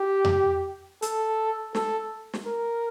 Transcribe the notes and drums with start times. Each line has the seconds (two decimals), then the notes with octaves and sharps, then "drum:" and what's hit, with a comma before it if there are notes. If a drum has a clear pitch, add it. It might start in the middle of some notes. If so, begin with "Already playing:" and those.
Already playing: G4
0.25 drum: tom F2
1.02 A4, drum: hi-hat
1.75 A4, drum: snare
2.34 drum: snare
2.46 A#4